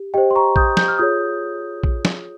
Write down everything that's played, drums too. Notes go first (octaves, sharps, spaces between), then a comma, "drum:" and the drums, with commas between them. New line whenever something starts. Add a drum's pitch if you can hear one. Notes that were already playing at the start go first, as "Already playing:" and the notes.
Already playing: G4
G4 C5 D#5 G5
C6
A#5 C#6
D#6 G6, drum: kick
G6, drum: snare
F6
F4 G#4 C#5 D#6 G6
drum: kick
drum: snare